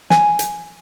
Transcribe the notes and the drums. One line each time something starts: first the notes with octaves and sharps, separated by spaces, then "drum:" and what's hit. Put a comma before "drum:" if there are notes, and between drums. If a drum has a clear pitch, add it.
G#5, drum: snare
drum: hi-hat